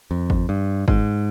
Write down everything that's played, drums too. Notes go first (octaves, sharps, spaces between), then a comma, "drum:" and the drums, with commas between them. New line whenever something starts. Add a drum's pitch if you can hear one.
F2
drum: kick G1
G2
G#2, drum: kick G1